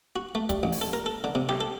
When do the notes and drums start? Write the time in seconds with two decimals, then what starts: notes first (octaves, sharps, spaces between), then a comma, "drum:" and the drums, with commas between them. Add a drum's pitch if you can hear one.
0.16 F#4
0.35 A3
0.49 G3, drum: kick, hi-hat
0.63 A1
0.72 drum: open hi-hat
0.81 A4
0.93 A#4
1.06 A4
1.24 D3
1.35 C3
1.49 G4, drum: snare
1.61 A4